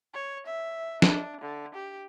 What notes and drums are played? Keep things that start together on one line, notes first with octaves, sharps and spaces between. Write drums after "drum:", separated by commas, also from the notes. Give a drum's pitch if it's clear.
C#5
E5
D4, drum: snare
D3
G4